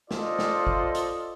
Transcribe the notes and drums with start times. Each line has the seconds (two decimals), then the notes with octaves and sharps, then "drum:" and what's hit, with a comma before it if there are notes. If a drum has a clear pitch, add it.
0.11 F4 A4 C5 D5 D#5, drum: snare
0.39 drum: snare
0.67 drum: kick
0.95 drum: hi-hat